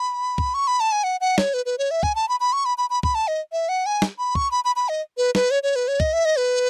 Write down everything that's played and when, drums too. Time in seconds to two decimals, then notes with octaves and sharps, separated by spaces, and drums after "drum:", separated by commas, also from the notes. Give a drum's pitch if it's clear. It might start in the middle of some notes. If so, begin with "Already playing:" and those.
Already playing: B5
0.38 drum: kick
0.54 C#6
0.67 B5
0.80 A5
0.92 G#5
1.04 F#5
1.21 F#5
1.38 C#5, drum: snare
1.54 B4
1.66 B4
1.78 C#5
1.91 E5
2.03 G#5, drum: kick
2.15 A5
2.29 B5
2.40 B5
2.53 C#6
2.65 B5
2.78 B5
2.90 B5
3.03 B5, drum: kick
3.15 A5
3.28 D#5
3.52 E5
3.69 F#5
3.86 G#5
4.02 drum: snare
4.18 B5
4.35 C#6, drum: kick
4.51 B5
4.65 B5
4.76 B5
4.89 D#5
5.17 B4
5.35 B4, drum: snare
5.51 C#5
5.63 C#5
5.76 B4
5.88 C#5
6.00 D#5, drum: kick
6.13 E5
6.25 D#5
6.38 B4